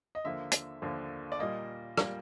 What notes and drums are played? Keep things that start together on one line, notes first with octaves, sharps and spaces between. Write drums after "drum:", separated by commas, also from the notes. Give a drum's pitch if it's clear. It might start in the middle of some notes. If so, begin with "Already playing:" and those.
D#5
D#2 D3 F3 A#3 E5
drum: hi-hat
D#2 D3 F3 A#3
D5
A#2 G3 A#3 D#5
A#2 G3 A#3, drum: rim click